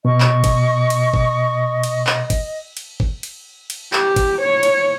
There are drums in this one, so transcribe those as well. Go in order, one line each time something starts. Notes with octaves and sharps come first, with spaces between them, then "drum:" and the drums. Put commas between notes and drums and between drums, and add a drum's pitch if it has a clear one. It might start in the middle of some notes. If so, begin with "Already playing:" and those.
B2 D#5 C#6
drum: clap
drum: kick G1, cymbal
drum: cymbal
drum: kick G1
drum: cymbal
drum: clap
drum: kick G1, cymbal
drum: cymbal
drum: kick G1
drum: cymbal
drum: cymbal
G4, drum: clap
drum: kick G1, cymbal
C#5
drum: cymbal